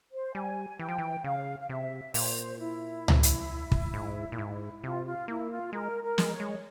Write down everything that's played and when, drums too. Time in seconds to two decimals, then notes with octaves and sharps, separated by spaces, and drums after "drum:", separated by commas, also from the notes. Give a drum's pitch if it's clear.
0.12 C5
0.35 G3 G#5
0.79 E3 G5
0.89 F3
0.98 E3
1.24 C#3 F5
1.60 F5
1.69 C3 E5
2.14 A#2 C5, drum: open hi-hat
2.59 E4
3.08 drum: tom C#2
3.23 drum: hi-hat
3.72 drum: kick
3.94 G#2
4.32 A#2
4.38 G#2
4.83 C3 F4
5.05 F4
5.28 A#3 E4
5.51 F4
5.73 G#3 A#4
6.02 A#4
6.18 G#3, drum: snare
6.33 C#5
6.40 G#3